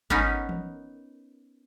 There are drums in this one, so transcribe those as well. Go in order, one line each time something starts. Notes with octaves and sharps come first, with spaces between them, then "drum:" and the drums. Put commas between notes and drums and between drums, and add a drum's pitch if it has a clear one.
B3 C#4 D#4 A#4, drum: kick G#1
drum: tom E3